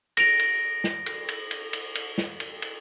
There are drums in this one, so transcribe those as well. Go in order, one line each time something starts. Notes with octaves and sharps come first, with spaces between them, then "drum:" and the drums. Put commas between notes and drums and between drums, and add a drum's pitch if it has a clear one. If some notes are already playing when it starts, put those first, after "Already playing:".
A#6 D7 F7, drum: cymbal
drum: cymbal
drum: snare
drum: cymbal
drum: cymbal
drum: cymbal
drum: cymbal
drum: cymbal
drum: snare
drum: cymbal
drum: cymbal